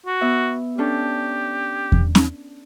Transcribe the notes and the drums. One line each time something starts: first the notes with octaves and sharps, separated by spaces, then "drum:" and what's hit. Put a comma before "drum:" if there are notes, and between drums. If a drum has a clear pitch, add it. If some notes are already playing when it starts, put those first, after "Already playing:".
F#4
B3 E5
C#4 D4 G4 A4
drum: kick E2
drum: snare